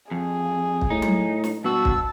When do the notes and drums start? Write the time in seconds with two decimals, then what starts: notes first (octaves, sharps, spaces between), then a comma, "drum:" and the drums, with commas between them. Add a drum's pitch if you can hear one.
0.11 F2 G#4
0.81 drum: kick
0.90 A2 D#4
1.02 drum: tom F#3
1.44 drum: snare
1.64 G2 B2 F#4 A5 E6
1.85 drum: kick